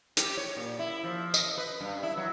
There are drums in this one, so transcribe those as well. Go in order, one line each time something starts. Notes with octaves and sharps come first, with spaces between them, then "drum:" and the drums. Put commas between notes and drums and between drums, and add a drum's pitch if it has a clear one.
G4, drum: hi-hat
C#5
A#2
E4
F3
D#5, drum: tambourine
B4
G2
E4
F#3